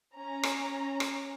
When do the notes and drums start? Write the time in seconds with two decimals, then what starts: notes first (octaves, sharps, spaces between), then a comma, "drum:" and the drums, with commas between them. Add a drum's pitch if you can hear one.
0.15 C#4 A#5
0.43 drum: rim click
1.00 drum: rim click